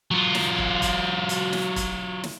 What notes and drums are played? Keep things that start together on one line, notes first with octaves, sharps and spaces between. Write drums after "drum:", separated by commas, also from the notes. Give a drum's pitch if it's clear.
F#3 F4
drum: snare
drum: kick
drum: kick, hi-hat
drum: hi-hat
drum: snare
drum: kick, hi-hat
drum: snare